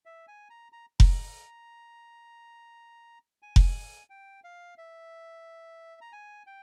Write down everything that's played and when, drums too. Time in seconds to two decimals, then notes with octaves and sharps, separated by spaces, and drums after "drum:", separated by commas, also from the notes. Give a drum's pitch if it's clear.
0.06 E5
0.28 G#5
0.50 A#5
0.72 A#5
1.00 A#5, drum: kick F1
3.42 G#5
3.56 drum: kick F1
4.10 G5
4.44 F5
4.78 E5
6.01 A#5
6.12 G#5
6.47 G5